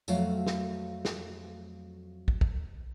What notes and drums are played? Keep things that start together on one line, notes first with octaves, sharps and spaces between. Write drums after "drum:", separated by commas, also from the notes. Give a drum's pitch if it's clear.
F2 F#3 A3 F#4 F5, drum: tambourine
drum: snare
drum: snare
drum: kick
drum: kick